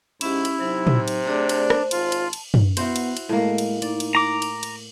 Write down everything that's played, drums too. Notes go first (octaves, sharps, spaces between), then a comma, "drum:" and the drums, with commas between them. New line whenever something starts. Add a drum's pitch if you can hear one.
G#2 C#4 E4 G4, drum: cymbal
drum: cymbal
C3 F#3 D#4 C5
drum: tom
drum: cymbal
A3 D4 G#4 D5
drum: cymbal
drum: rim click
G#1 F4 A5, drum: cymbal
drum: cymbal
drum: cymbal
drum: tom
B3 E4 F#4 C5, drum: cymbal
drum: cymbal
drum: cymbal
A2 G#3 A#3
drum: cymbal
D#4 D5, drum: cymbal
drum: cymbal
A#5 D6
drum: cymbal
drum: cymbal